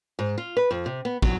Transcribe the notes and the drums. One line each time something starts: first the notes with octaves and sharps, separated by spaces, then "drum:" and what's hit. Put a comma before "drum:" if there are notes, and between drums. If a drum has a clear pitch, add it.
G#2
F4
B4
F2
C3
B3
F#3, drum: kick